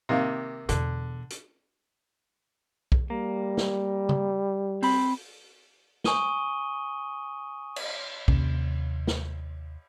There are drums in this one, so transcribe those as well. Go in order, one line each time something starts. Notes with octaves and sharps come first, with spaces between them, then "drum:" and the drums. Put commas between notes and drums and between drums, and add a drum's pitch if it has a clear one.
C3 D#3 A#3
E2 B2 D3, drum: hi-hat
drum: hi-hat
drum: kick
G3 A#3
drum: snare
drum: tom C#3
C4 B5, drum: open hi-hat
G#5 C#6 D#6 D#7 G7, drum: snare
drum: cymbal
D#2 C3 C#4, drum: kick
drum: snare